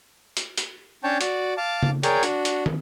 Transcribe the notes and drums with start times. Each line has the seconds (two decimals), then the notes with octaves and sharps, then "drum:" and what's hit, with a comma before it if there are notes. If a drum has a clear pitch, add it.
0.37 drum: hi-hat
0.58 drum: hi-hat
1.04 C#4 D4 C#5 G5 A5
1.21 F#4 D5, drum: hi-hat
1.57 F5 A5 D6
1.83 drum: tom C#3
2.03 G#4 A#4 C#5 D5 G5, drum: hi-hat
2.23 D4 F#4, drum: hi-hat
2.45 drum: hi-hat
2.66 drum: tom